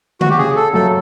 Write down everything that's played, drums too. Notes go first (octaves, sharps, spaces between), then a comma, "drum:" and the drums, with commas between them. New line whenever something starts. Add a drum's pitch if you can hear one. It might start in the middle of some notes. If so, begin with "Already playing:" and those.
F#4, drum: tom D3
G4
C#3 G#4
A4
F#3 A3 A4